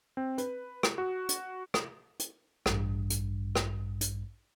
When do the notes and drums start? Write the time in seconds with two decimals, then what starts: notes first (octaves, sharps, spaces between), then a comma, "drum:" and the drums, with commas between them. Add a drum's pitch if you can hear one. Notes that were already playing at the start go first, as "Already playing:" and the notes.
0.17 C4
0.38 B4, drum: hi-hat
0.83 drum: rim click
0.98 F#4
1.29 drum: hi-hat
1.74 drum: rim click
2.19 drum: hi-hat
2.66 A1 G2, drum: rim click
3.10 drum: hi-hat
3.55 drum: rim click
4.01 drum: hi-hat